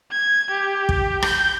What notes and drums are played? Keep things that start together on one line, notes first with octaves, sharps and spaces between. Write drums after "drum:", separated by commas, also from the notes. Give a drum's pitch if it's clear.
G#6
G4
drum: kick
G6, drum: rim click